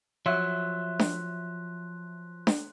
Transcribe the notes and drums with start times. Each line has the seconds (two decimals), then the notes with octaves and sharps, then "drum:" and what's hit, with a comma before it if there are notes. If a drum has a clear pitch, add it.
0.26 F3 F#3 E5 C6 F#6
0.99 drum: snare D4
2.47 drum: snare D4